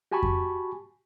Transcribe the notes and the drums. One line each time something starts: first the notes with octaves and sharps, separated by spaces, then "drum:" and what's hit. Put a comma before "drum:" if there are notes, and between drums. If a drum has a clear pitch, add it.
F#4 G4 G#5 A5 B5 C#6
drum: kick F2